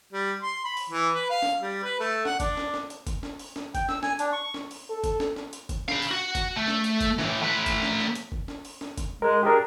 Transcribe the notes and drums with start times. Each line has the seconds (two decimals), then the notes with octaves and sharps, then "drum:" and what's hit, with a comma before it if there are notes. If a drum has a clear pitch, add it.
0.13 G3
0.43 C6
0.65 B5
0.77 drum: open hi-hat
0.90 E3
1.14 B4
1.30 F5
1.42 drum: snare
1.62 G3
1.84 B4
2.00 A3
2.25 F#5, drum: snare
2.40 D4, drum: kick, hi-hat
2.57 drum: snare
2.74 drum: snare
2.90 drum: hi-hat
3.07 drum: kick, hi-hat
3.23 drum: snare
3.39 drum: open hi-hat
3.56 drum: snare
3.75 G5, drum: kick, hi-hat
3.89 E6, drum: snare
4.03 G#5, drum: snare
4.19 D4, drum: hi-hat
4.32 C#6
4.54 drum: snare
4.71 drum: open hi-hat
4.90 A4
5.04 drum: kick, hi-hat
5.20 drum: snare
5.36 drum: snare
5.53 drum: hi-hat
5.69 drum: kick, hi-hat
5.88 F5 B5, drum: snare
6.02 drum: open hi-hat
6.11 F#4
6.35 drum: kick, hi-hat
6.56 A3
6.68 drum: snare
6.84 drum: hi-hat
7.01 drum: kick, hi-hat
7.19 A2 E3, drum: snare
7.42 A3 B4
7.66 drum: kick, hi-hat
7.83 drum: snare
7.99 drum: snare
8.15 drum: hi-hat
8.32 drum: kick
8.48 drum: snare
8.65 drum: open hi-hat
8.81 drum: snare
8.98 drum: kick, hi-hat
9.22 G#3 A#4
9.43 D4 G4 G#4 A#4